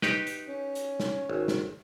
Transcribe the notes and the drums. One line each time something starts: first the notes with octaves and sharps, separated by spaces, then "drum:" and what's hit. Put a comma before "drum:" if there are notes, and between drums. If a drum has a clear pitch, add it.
D#4 G4 B4, drum: snare
drum: hi-hat
C#4
drum: hi-hat
drum: snare
G#1
drum: snare